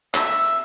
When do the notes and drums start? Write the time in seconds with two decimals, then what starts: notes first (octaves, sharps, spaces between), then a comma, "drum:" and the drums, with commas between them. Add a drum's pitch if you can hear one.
0.15 E5, drum: clap